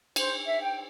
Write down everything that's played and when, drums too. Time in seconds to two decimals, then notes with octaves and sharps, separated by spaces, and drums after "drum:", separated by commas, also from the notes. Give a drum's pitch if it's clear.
0.16 C5, drum: cymbal
0.46 E5
0.61 G5